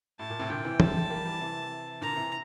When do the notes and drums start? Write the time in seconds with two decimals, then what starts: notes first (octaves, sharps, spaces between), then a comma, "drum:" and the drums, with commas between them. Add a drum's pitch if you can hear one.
0.19 A2 A5
0.30 A#2
0.39 A2 C3
0.50 A#2 D3 G5
0.64 C3 E3
0.80 A3 C4 A5, drum: tom E3
1.10 G3 A#3
1.25 E3 G3
1.40 C3 E3
2.01 A#2 D3 A#5
2.16 C3 E3